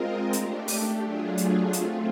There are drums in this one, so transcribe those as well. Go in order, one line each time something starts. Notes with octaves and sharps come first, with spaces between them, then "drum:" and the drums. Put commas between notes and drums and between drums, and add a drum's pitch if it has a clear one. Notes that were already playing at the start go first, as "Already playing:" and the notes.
Already playing: G#3 C4 F4 A#4 D#5
A3 D4 G4, drum: hi-hat
drum: open hi-hat
F#3 A3 D4 F4 G#4
drum: hi-hat
A3 C4 F4, drum: hi-hat